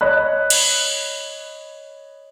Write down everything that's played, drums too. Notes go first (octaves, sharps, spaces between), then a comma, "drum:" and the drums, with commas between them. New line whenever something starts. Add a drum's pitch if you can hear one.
C#5 D#5 B5 F#6
drum: cymbal